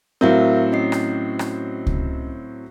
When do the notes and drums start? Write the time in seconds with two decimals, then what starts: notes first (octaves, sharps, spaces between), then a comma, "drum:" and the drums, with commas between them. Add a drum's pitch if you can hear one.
0.21 A2 F#3 C4 A#4 E5 F5
0.72 C#4 D#5 C7
0.92 drum: rim click
1.39 drum: rim click
1.87 drum: kick C#2